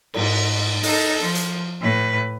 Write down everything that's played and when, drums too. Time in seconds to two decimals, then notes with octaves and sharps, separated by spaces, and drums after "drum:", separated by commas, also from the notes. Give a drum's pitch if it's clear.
0.14 G#2, drum: cymbal
0.83 D#4 A4, drum: open hi-hat
1.23 F3
1.35 drum: hi-hat
1.81 A2 B4